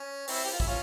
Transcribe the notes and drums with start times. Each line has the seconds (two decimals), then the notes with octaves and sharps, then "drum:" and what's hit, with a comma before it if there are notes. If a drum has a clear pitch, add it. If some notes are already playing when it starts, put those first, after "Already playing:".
Already playing: C#4
0.28 C4 E4, drum: open hi-hat
0.45 G4
0.52 F4
0.60 E4, drum: kick
0.67 C#4 F4